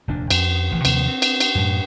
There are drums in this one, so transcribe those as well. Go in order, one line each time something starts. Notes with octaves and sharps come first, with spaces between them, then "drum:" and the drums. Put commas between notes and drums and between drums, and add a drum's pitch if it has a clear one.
F1 D#2 A#2 D4
F2, drum: cymbal
A1 D#3 E3
D#2 C3 F3 A#3, drum: cymbal
C4
drum: cymbal
drum: cymbal
F#2 A2